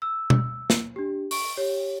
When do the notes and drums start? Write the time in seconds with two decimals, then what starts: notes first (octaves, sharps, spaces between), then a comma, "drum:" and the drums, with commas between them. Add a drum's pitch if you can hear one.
0.02 E6
0.30 drum: tom B2
0.70 drum: snare
0.96 D4 G4
1.31 C#6 D7, drum: open hi-hat
1.57 G4 C#5